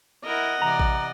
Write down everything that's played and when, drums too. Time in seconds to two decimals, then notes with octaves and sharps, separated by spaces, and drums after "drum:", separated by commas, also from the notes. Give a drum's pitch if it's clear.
0.25 E4 A#4 D#5 F#5
0.62 C3 E3 D5 A#5
0.80 drum: kick A1